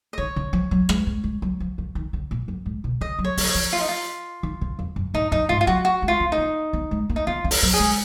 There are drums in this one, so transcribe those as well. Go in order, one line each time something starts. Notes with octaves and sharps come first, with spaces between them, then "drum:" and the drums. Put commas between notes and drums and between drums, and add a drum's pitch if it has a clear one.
D#5
D#3 C#5
C#3
F3
F#3
G#3, drum: rim click
G#3
G#3
F#3
F3
F3
D#3
C#3
A#2
F#2
G#2
B2
C#3 D#5
F#3
C#5
F#3, drum: open hi-hat
D#5
C#5
F3
F4
D#4
F4
D#3
C#3
F2
F#2
G#2 D#4
F#2 D#4
G#2 F4
F4
F#3 F#4
F#4
G#3
F4
A#3
D#4
B3
B3
G#3
A#3
D#4
B3 F4
C#4
A#4, drum: open hi-hat
F#3
G#4
G#3